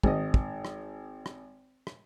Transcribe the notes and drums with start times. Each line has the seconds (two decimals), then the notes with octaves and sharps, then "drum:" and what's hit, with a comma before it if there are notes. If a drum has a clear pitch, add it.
0.03 G#1 D#5, drum: kick
0.34 drum: kick
0.65 drum: rim click
1.26 drum: rim click
1.87 drum: rim click